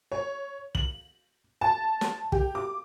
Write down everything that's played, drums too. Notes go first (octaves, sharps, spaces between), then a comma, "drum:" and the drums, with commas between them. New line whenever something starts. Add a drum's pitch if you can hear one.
C#5
F#7, drum: kick
A5
drum: snare
G4, drum: kick
D6